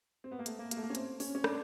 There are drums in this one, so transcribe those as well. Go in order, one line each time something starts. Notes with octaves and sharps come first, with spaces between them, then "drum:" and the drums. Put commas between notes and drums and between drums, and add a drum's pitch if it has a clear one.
C4
B3
A#3
A3, drum: hi-hat
A#3
A#3, drum: hi-hat
A3
A#3
C#4
C4, drum: hi-hat
C#4, drum: open hi-hat
C#4
D4, drum: rim click